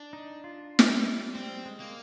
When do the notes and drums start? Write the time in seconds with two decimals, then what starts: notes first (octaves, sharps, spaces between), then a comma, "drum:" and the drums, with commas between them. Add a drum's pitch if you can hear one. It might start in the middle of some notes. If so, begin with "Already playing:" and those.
Already playing: D4
0.13 D#4
0.44 F4
0.79 drum: snare
0.89 G3
1.35 G3 C4
1.66 G#3
1.80 A#3